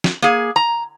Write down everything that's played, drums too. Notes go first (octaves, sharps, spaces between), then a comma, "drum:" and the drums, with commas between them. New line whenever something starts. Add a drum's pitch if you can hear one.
drum: snare
A#3 G#4
A#5